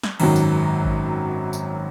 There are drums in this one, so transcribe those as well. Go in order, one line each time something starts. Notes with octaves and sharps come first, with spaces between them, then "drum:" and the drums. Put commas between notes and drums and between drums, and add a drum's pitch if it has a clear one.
drum: snare
G#1 F#2 D#3 F#3, drum: cymbal
drum: tambourine
drum: kick A1
drum: tambourine